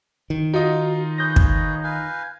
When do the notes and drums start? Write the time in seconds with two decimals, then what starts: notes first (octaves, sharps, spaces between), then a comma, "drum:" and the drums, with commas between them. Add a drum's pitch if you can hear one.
0.30 D#3
0.54 D#4 F4 F#4 D#5
1.18 G#4 B4 C#5 G6 A#6
1.36 drum: kick
1.84 B4 F5 G#5